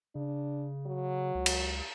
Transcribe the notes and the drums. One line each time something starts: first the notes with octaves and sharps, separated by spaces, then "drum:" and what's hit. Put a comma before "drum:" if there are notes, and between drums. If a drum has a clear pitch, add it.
C#3 D4
F#3
C#2
drum: cymbal